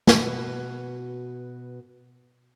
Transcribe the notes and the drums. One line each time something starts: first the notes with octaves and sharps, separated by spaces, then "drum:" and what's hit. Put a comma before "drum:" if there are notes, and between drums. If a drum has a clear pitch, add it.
B2 F#4 B4, drum: snare